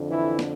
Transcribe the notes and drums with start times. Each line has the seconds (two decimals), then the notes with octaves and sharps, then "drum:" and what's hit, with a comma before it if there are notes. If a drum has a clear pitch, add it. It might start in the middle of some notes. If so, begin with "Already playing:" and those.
Already playing: F2 D3
0.10 E3 E4
0.39 drum: snare